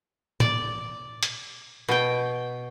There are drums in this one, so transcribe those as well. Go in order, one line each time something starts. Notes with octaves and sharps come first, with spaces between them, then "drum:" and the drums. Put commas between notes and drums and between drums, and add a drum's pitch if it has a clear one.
D5, drum: tom A2
drum: hi-hat
B2 G5